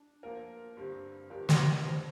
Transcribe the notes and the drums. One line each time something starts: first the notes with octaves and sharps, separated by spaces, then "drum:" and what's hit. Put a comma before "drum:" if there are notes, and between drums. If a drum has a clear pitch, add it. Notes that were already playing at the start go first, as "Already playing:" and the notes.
Already playing: D4
F3 A#3 F4 A#4
G2 D3 G3 C4
G2 F3 D4 G4 A#4
drum: snare
F2 F3 C4